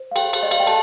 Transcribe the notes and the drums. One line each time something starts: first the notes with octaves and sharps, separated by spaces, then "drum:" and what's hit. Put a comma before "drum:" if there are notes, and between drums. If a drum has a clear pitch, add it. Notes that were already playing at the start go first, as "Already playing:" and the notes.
Already playing: C5
F5
A4 G5, drum: cymbal
drum: cymbal
D5 D#5
F5, drum: cymbal
G5
A4 A5, drum: cymbal